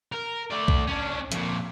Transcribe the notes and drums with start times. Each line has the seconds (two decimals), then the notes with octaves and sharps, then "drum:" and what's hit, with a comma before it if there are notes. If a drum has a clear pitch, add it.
0.12 A#4
0.51 A3 D5
0.68 drum: kick B1
0.87 C#4 D4
1.32 F2 A#2, drum: hi-hat